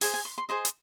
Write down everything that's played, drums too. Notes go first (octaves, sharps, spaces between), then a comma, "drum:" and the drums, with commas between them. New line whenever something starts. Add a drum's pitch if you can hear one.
G#4 C5 D#5 G#5, drum: open hi-hat
G#5
C6
C6
G#4 C5 D#5 C6
drum: hi-hat